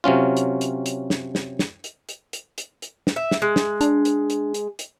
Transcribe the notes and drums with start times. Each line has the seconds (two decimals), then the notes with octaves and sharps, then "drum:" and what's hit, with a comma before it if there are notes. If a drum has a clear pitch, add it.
0.04 C3 F#3 C#4 F4
0.37 drum: hi-hat
0.61 drum: hi-hat
0.86 drum: hi-hat
1.10 drum: snare
1.35 drum: snare
1.59 drum: snare
1.84 drum: hi-hat
2.09 drum: hi-hat
2.33 drum: hi-hat
2.58 drum: hi-hat
2.82 drum: hi-hat
3.07 drum: snare
3.16 E5
3.31 drum: snare
3.42 G#3
3.56 drum: snare
3.81 D4, drum: hi-hat
4.05 drum: hi-hat
4.30 drum: hi-hat
4.54 drum: hi-hat
4.79 drum: hi-hat